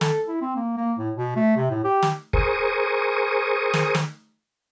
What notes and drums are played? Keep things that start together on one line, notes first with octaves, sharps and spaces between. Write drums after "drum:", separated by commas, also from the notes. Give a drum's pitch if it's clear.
A4, drum: snare
E4
C4
A#3
A#3
A2
B2
A3
C3
A2
G4
drum: snare
G#4 A#4 C5 C#6 D#6, drum: kick
drum: snare
drum: snare